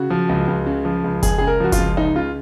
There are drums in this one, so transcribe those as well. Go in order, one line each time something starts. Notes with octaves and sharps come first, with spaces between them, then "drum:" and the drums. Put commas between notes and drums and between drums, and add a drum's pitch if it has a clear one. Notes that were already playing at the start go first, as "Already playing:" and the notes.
Already playing: C#3 F#4
F3
C#2
C#2
C#3
F3
C#2
C#2 G#4, drum: kick F#1, hi-hat
C#3 G#4
A#4
F3 F#4
F4, drum: kick F#1, hi-hat
C#2
C#2 D#4
C#3 F4